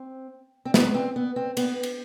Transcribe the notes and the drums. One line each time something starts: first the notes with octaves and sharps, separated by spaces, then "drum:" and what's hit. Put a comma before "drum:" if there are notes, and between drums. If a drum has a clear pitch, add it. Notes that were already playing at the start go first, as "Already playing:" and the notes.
Already playing: C4
C4
B3, drum: snare
C4
B3
C4
B3, drum: cymbal
drum: cymbal